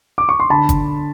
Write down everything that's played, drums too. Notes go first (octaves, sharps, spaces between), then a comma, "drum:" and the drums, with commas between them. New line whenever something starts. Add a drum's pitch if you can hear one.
D6
C#6
C6
D3 A5 B5
drum: kick, hi-hat